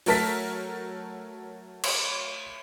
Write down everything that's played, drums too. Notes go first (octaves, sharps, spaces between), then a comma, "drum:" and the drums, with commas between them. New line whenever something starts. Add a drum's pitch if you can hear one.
F#3 A3 A#4 A5 B6, drum: open hi-hat
drum: cymbal